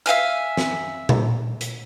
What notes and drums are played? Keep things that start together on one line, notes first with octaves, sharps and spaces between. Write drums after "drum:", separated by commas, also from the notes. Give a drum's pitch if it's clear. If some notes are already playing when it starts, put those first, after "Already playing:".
E5 F5 G#5 F6, drum: hi-hat
drum: snare
drum: tom A#2
drum: hi-hat